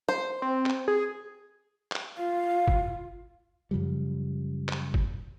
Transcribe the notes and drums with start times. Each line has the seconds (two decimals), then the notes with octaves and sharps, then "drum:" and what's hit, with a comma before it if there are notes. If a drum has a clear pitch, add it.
0.09 C5
0.42 C4
0.66 drum: clap
0.88 G#4
1.92 drum: clap
2.17 F4 F5
2.68 drum: kick
3.71 F#2 C#3 F3 G3
4.69 drum: clap
4.94 drum: kick